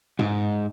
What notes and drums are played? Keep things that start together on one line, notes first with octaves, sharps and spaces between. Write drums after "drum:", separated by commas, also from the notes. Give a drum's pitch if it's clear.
G#2, drum: tom G#2